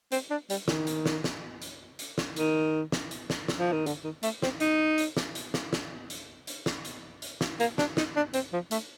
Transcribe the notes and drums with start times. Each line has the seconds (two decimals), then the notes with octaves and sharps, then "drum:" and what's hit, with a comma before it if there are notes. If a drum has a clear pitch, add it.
0.12 C4, drum: hi-hat
0.31 D4
0.50 G3, drum: hi-hat
0.68 D#3, drum: snare
0.87 drum: hi-hat
1.06 drum: snare
1.24 drum: snare
1.62 drum: hi-hat
1.99 drum: hi-hat
2.18 drum: snare
2.36 D#3, drum: hi-hat
2.92 drum: snare
3.11 drum: hi-hat
3.30 drum: snare
3.48 drum: snare
3.59 F3
3.72 D#3
3.86 D3, drum: hi-hat
4.04 D#3
4.23 A3, drum: hi-hat
4.42 C4, drum: snare
4.60 D#4, drum: hi-hat
4.98 drum: hi-hat
5.17 drum: snare
5.35 drum: hi-hat
5.54 drum: snare
5.73 drum: snare
6.10 drum: hi-hat
6.47 drum: hi-hat
6.66 drum: snare
6.85 drum: hi-hat
7.22 drum: hi-hat
7.41 drum: snare
7.60 A#3, drum: hi-hat
7.78 D4, drum: snare
7.97 D#4, drum: snare
8.16 D4
8.34 C4, drum: hi-hat
8.53 F3
8.71 A3, drum: hi-hat